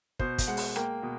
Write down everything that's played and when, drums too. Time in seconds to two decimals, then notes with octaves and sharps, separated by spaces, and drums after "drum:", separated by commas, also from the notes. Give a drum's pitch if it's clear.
0.19 B2 C5, drum: kick
0.38 drum: kick, hi-hat
0.48 G#3 F#5
0.57 drum: open hi-hat
0.76 A#3 G5, drum: rim click
1.03 B2